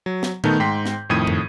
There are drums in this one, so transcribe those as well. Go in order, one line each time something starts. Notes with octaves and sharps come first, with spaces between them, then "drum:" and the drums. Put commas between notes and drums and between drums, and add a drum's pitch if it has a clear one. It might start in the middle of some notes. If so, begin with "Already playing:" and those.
F#3
drum: snare
D#3 A3 B3 D#4 A5 G6, drum: tom A#2
G#2 G5 C6 B6
drum: snare
F2 A2 D#3 D#6 G#6 D#7
drum: tom